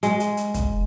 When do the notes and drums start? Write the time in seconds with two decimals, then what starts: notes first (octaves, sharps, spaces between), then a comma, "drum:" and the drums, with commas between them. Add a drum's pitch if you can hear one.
0.03 G#3, drum: hi-hat
0.20 drum: hi-hat
0.37 drum: hi-hat
0.54 drum: kick, hi-hat